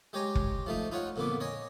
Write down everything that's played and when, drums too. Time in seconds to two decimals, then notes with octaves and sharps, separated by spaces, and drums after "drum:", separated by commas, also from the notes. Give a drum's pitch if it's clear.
0.13 G#3 G4 C#5 G#5 A#5
0.35 drum: kick
0.66 F3 A3 D#4
0.92 D#4 F4 C#5 F#5
1.16 F2 A#2 D3 B3 D6
1.40 C#5 D#5 G#5